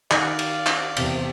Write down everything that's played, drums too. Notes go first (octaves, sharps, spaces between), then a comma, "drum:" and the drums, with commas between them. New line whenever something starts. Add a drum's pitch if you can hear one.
D#3 D5 F5 F#5, drum: clap
drum: cymbal
drum: clap
E2 C3, drum: cymbal